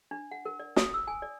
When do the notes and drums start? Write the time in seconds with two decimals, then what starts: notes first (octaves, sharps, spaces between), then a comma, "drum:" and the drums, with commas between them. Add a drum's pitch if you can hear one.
0.11 D4
0.31 F#5
0.45 A#4
0.60 D5
0.76 D#6, drum: snare
0.94 E6
1.07 G#5
1.22 D5